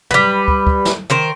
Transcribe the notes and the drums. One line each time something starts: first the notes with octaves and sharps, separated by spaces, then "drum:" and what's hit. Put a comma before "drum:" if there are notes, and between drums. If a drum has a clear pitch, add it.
G3 B4, drum: tom
drum: kick
drum: kick
drum: snare
D#3 A#4 C5